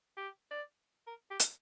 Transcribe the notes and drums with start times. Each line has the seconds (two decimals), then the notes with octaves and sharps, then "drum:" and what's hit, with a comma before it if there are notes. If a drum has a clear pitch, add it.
0.17 G4
0.51 D5
1.07 A#4
1.30 G4
1.40 drum: hi-hat